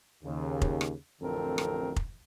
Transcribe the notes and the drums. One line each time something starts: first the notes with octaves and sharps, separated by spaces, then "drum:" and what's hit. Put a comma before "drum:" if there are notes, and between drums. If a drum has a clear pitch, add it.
D#2 C#3
drum: kick
drum: rim click
A1 F2 D3 C4 A4 A#4
drum: rim click
drum: kick